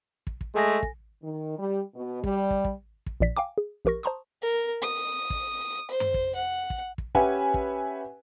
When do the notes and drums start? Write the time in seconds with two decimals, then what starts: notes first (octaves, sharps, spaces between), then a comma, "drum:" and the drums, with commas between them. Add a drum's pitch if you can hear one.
0.27 drum: kick
0.41 drum: kick
0.55 G#3 A3 G#4 A4 G#5 A#6
0.83 drum: kick
1.23 D#3
1.58 G3
1.95 B2
2.24 G3, drum: kick
2.51 drum: kick
2.65 drum: kick
3.06 drum: kick
3.20 A#1 A#2 D5 B6
3.37 F5 G5 G#5 D6
3.58 G#4
3.85 A#1 G4 A#4 C#6 A#6
4.03 C5 A5 A#5 C6 C#6 D#6
4.42 A#4
4.82 D#6
5.30 drum: kick
5.91 C5
6.00 drum: tom F#2
6.14 drum: kick
6.35 F#5
6.70 drum: kick
6.98 drum: kick
7.15 C#4 G4 B4 E5 F#5 G#5, drum: kick
7.54 drum: kick